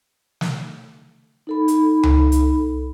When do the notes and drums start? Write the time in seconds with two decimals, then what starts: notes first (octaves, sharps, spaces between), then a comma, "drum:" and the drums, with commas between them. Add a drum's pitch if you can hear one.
0.41 drum: snare
1.47 D#4 A4 B5
1.68 drum: hi-hat
2.03 drum: tom C#2
2.32 drum: hi-hat